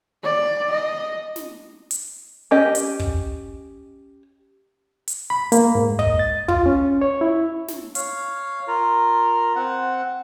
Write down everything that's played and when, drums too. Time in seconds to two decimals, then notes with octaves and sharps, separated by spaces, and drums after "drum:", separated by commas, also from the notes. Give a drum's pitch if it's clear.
0.23 D5
0.71 D#5
1.36 drum: snare
1.91 drum: hi-hat
2.51 C#4 G4 D#5
2.75 drum: hi-hat
3.00 drum: kick
5.08 drum: hi-hat
5.30 B5
5.52 A#3, drum: hi-hat
5.75 G#2
5.99 D#5, drum: kick
6.19 A6
6.48 F4, drum: kick
6.66 C#4
7.01 C#5
7.21 E4
7.68 drum: snare
7.95 C#5 F5, drum: hi-hat
8.67 F4 A#4
9.56 C4 F#5